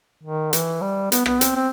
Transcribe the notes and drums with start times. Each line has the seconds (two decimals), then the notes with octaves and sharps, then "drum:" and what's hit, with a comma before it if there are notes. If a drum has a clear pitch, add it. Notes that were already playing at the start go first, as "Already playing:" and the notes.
0.23 D#3
0.53 E3, drum: hi-hat
0.81 G3
1.12 B3, drum: hi-hat
1.26 B3, drum: rim click
1.41 C4, drum: hi-hat
1.56 C4